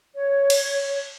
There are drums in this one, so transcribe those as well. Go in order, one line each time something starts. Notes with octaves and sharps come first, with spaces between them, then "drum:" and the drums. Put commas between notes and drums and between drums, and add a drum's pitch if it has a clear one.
C#5
drum: cymbal